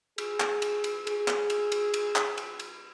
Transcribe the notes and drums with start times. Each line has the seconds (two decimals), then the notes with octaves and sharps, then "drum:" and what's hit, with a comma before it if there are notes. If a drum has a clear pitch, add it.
0.18 G#4, drum: cymbal
0.40 drum: clap
0.62 drum: cymbal
0.84 drum: cymbal
1.07 G#4, drum: cymbal
1.28 drum: clap
1.50 drum: cymbal
1.72 drum: cymbal
1.94 drum: cymbal
2.16 drum: clap
2.38 drum: cymbal
2.60 drum: cymbal